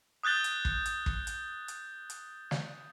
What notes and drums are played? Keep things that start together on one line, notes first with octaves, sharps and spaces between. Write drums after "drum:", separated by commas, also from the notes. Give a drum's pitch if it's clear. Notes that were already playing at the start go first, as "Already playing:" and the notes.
D#6 F#6 G6 A6 G7
drum: hi-hat
drum: kick
drum: hi-hat
drum: kick
drum: hi-hat
drum: hi-hat
drum: hi-hat
drum: snare